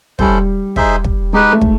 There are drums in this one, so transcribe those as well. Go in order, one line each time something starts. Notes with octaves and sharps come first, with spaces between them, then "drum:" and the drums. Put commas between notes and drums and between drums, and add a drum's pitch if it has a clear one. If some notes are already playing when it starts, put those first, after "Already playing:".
G3 C#4 E4 A4 C5, drum: kick
D#4 G#4 C5 E5, drum: kick
drum: kick
G#3 D#4 G4 B4
A3
drum: kick